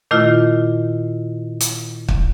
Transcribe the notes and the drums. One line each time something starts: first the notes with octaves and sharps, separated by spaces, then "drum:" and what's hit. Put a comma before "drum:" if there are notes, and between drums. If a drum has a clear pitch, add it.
A#2 D#3 A3 E4 F4
drum: hi-hat
drum: kick